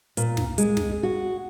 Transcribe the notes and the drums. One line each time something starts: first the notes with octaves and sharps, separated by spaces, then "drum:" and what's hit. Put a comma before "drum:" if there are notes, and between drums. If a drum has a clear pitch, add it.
A#2, drum: hi-hat
drum: snare
G#3, drum: hi-hat
drum: snare
F#4